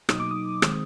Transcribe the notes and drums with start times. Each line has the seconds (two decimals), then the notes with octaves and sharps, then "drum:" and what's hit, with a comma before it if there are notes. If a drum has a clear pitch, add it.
0.09 B2 F#3 A#3 D#4 D#6, drum: rim click
0.20 D6
0.31 D#6
0.62 D#3 G#3 C4, drum: rim click